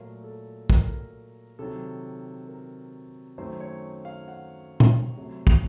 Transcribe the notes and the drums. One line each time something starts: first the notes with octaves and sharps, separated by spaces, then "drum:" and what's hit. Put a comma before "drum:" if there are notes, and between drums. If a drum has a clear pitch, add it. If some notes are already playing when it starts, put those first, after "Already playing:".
Already playing: A#2 F#3 A3 A#4
A4
A#4, drum: kick
C3 D#3 F#3 A4
A#4
F#2 D#3 F#3 A3 C5
C#5
F5
F#5
drum: tom A#2
C3 F#3 A3
drum: kick